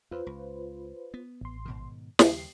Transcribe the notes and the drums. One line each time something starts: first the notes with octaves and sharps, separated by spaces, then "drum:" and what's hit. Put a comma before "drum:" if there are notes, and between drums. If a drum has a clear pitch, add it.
E2 F4 B4 C5
C#2
B3
A1 C6
G#2 B2 D#3
D#2 C#3 G3 G4 C7, drum: snare